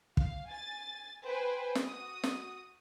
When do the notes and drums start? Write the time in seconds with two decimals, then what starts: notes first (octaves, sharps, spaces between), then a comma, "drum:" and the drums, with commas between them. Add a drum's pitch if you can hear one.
0.17 F5, drum: kick
0.48 G#5 A6
1.25 B4 C5 G5 G#5
1.75 drum: snare
1.87 F#4 D#6
2.23 drum: snare